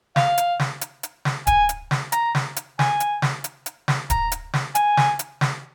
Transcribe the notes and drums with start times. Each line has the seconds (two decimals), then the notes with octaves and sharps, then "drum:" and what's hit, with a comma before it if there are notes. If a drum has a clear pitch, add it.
0.16 F5, drum: snare
0.38 drum: hi-hat
0.59 drum: snare
0.81 drum: hi-hat
1.03 drum: hi-hat
1.25 drum: snare
1.47 G#5, drum: kick D1, hi-hat
1.69 drum: hi-hat
1.91 drum: snare
2.12 A#5, drum: hi-hat
2.35 drum: snare
2.56 drum: hi-hat
2.79 G#5, drum: snare
3.00 drum: hi-hat
3.22 drum: snare
3.44 drum: hi-hat
3.66 drum: hi-hat
3.88 drum: snare
4.10 A#5, drum: kick D1, hi-hat
4.32 drum: hi-hat
4.53 drum: snare
4.75 G#5, drum: hi-hat
4.97 drum: snare
5.19 drum: hi-hat
5.41 drum: snare